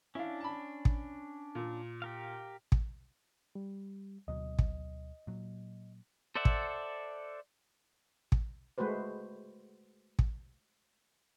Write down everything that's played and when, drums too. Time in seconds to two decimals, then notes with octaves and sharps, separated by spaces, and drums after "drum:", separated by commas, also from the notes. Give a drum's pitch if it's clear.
0.15 C#4 D4 E4 F5
0.40 A5 B5
0.85 drum: kick
1.55 A#2
2.02 G4 A#4 F5
2.72 drum: kick
3.55 G3
4.28 D2 B2 F#3 D#5
4.59 drum: kick
5.27 A#2 F#3
6.35 A4 C5 D5 E5 F#5
6.45 drum: kick
8.32 drum: kick
8.78 G#3 A3 F#4 B4 C5
10.19 drum: kick